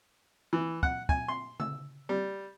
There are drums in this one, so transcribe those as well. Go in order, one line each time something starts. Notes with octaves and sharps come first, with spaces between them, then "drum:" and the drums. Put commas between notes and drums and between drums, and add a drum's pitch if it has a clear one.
E3
F#5, drum: kick
G#5, drum: kick
C6
E6, drum: tom C#3
G3